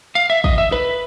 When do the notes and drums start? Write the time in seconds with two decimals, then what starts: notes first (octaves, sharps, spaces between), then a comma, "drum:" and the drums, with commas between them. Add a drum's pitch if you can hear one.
0.15 F5
0.30 E5
0.44 D#5, drum: kick
0.58 E5
0.72 B4